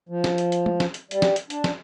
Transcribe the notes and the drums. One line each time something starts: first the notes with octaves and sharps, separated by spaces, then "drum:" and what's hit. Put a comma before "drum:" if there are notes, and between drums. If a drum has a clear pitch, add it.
F3
drum: snare
drum: hi-hat
drum: hi-hat
drum: tom
drum: snare
drum: hi-hat
G3, drum: hi-hat
drum: snare
drum: hi-hat
D4, drum: hi-hat
drum: snare